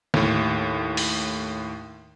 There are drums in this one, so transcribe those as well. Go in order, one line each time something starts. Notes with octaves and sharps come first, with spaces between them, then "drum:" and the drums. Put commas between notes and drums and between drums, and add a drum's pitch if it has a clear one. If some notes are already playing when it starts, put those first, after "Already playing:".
D#2 A2, drum: snare
drum: open hi-hat